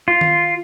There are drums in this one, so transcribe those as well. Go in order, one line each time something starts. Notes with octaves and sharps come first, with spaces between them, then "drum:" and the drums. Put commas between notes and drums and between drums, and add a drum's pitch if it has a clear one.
F4
drum: tom D#3